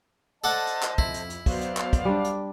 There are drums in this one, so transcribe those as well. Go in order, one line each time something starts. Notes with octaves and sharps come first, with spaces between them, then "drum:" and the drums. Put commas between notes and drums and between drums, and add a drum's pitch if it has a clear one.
A4 C5 D5 D#5 F#5 A5
drum: hi-hat
drum: clap
F2 E4, drum: kick
drum: hi-hat
drum: hi-hat
F#3 B3 C5 D5 F5, drum: kick, open hi-hat
drum: hi-hat
drum: clap
drum: kick, hi-hat
G3 D4
drum: hi-hat